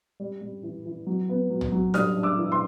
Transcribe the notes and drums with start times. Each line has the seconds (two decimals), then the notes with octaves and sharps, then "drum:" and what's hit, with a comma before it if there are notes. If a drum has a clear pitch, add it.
0.20 G3
0.41 G3
0.63 E3
0.86 E3
1.07 F#3
1.29 B3
1.50 F#3
1.61 drum: tom
1.72 F#3
1.94 G3 D#6 F6, drum: snare D4
2.16 D4
2.23 D6 E6
2.38 E3
2.52 C6